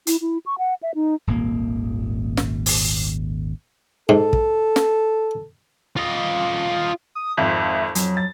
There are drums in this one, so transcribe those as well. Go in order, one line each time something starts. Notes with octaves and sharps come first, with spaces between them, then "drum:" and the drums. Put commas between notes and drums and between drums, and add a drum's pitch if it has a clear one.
E4, drum: hi-hat
E4
C#6
F#5
E5
D#4
D#1 G#1 A#2 A#3
drum: snare
drum: open hi-hat
G#2 A4
drum: kick
drum: snare
F4 D#5
D#6
G#1 F2 E5
F2 F#3, drum: hi-hat
A6